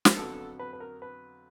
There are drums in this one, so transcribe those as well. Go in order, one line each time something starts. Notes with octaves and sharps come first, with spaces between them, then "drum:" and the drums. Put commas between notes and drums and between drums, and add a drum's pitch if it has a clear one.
drum: snare
F2 D3 F#3 B3 A4
B4
B4
A#4
B4